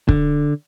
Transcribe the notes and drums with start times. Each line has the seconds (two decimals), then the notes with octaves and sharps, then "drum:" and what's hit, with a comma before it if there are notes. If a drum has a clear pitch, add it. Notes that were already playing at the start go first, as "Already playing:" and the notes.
0.09 D3, drum: kick